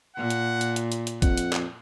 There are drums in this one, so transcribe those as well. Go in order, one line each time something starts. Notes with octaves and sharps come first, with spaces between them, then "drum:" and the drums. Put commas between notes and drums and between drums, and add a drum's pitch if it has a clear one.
A#2 F#5
drum: hi-hat
drum: hi-hat
drum: hi-hat
drum: hi-hat
drum: hi-hat
F2 F#5, drum: kick, hi-hat
drum: hi-hat
drum: clap